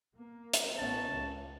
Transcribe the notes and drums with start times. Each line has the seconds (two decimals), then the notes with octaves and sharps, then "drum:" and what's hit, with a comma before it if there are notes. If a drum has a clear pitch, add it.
0.17 A#3
0.53 drum: hi-hat
0.78 A1 B3 C#4 A5
1.11 C#2 C#3